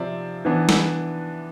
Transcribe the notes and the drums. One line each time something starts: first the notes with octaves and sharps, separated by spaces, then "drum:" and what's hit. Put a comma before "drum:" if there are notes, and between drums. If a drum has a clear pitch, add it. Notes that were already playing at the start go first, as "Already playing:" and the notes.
Already playing: C3 F3 C4 D5 E5
E3 B3 D4
drum: snare